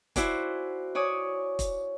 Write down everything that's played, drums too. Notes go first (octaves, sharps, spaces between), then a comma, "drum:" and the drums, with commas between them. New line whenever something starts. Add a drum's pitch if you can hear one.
E4 F#4 C5 D5 G#5, drum: kick, hi-hat
C#5 D5 G#5 D#6
drum: kick, hi-hat